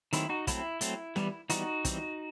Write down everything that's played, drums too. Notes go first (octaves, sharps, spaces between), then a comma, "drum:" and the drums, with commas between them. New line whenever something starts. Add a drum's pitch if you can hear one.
D#3 F#3 A3 C4 E4, drum: hi-hat
D#4 F#4
F#3 A3 C4 E4, drum: kick, hi-hat
F#3 A3 C4, drum: hi-hat
E3 G3 B3, drum: snare
E3 G3 B3 D#4 F#4, drum: hi-hat
E3 G3 C4, drum: kick, hi-hat